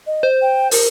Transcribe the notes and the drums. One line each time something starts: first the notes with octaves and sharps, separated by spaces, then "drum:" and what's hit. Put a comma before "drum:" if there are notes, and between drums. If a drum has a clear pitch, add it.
D#5
C5
G5
A#4, drum: open hi-hat